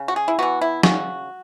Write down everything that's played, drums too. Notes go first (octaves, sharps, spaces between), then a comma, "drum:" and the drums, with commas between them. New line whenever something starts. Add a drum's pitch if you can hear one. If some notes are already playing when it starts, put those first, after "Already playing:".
Already playing: C#3
F#4
G#4
E4
E3 B3 F#4
E4
C#3 F#4, drum: snare